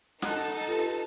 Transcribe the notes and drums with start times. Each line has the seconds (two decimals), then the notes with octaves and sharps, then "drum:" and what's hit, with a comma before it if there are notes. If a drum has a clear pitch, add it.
0.22 D#4 A4 F#5 A5 F#6, drum: snare
0.51 drum: hi-hat
0.67 F4 G4 B4
0.79 drum: hi-hat